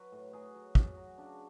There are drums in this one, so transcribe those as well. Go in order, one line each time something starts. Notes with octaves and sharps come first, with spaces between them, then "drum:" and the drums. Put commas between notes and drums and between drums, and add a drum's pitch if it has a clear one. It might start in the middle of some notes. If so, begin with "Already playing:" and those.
Already playing: F#3 B4
A2
F#3 G#4
F#3
F#3 F#4, drum: kick
F#3
C#3 D4